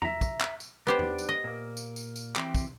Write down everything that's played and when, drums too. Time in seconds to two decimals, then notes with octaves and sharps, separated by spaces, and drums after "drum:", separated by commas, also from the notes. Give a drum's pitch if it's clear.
0.02 E5 A#5, drum: tom E2
0.21 drum: kick, tambourine
0.41 drum: clap
0.60 drum: tambourine
0.87 B3 D4 G4 C5
0.99 drum: tom E2
1.18 drum: tambourine
1.29 D#5
1.44 A#2 A#3
1.77 drum: tambourine
1.96 drum: tambourine
2.16 drum: tambourine
2.36 E3 C4 G4, drum: clap
2.55 drum: kick, tambourine